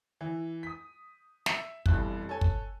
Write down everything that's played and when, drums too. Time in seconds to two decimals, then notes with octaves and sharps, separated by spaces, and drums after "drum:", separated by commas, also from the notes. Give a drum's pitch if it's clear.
0.21 E3
0.63 D#6 B6
1.46 E5, drum: snare
1.86 F1 G2 B2 E3 F#6, drum: kick
2.29 A4 C#5 G#5
2.41 drum: kick